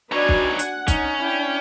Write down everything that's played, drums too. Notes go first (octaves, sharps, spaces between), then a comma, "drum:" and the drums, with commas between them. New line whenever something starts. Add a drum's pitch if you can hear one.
D4 D#4 F#4 B4 C#5 D5 G#5
drum: kick
F#5
drum: hi-hat
C#4 D#4, drum: kick, hi-hat
D4 E4 G5